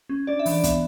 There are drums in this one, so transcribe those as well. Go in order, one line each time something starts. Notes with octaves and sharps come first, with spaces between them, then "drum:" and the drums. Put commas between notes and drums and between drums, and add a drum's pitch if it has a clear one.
C#4
D4 D5
E5
E3, drum: open hi-hat
D5
B3 E5, drum: kick, hi-hat